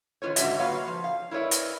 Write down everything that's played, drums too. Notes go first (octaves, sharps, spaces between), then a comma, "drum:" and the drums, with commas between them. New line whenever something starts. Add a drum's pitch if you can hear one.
D#3 F#3 F4 B4 C#5
G#2 D3 F#3 E5, drum: hi-hat
A#3 F4 F#4 B4 C#5 F5
F3
F5
E4 A#4 B4 C#5 D5 E5
drum: hi-hat